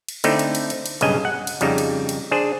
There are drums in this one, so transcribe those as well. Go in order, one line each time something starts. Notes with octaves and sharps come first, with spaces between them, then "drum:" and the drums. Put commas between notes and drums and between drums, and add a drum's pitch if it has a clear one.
drum: cymbal
D3 A3 C4 D#4 E4, drum: cymbal
drum: cymbal
drum: cymbal
drum: cymbal
drum: cymbal
B1 G2 C#3 D#5 G#5, drum: cymbal
F#5
drum: cymbal
F2 C#3 G3 D#4, drum: cymbal
drum: cymbal
drum: cymbal
D4 G#4 C5